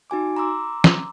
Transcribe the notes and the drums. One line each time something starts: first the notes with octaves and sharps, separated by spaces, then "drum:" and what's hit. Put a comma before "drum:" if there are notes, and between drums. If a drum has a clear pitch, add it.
D#4 F#4 G#5 D6
A#5 C6 D6 E6
drum: snare